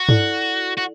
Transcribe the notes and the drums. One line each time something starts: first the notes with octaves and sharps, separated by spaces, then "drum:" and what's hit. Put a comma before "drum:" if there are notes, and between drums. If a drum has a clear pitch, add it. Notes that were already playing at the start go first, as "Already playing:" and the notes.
Already playing: F#4
E4 A4 D5, drum: tom G2
F#4